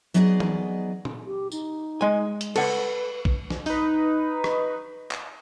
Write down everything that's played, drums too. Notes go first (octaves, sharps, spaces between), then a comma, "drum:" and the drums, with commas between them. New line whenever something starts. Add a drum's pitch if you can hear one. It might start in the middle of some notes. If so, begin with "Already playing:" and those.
F#3 B3 D#4 G#4 D5 D#5
drum: tom E3
drum: tom A#2
G4
D#4, drum: tambourine
G#3 G#5
drum: hi-hat
A4 B4 F#5, drum: cymbal
drum: kick A#1
drum: snare
D#4 B4, drum: open hi-hat
drum: rim click
drum: clap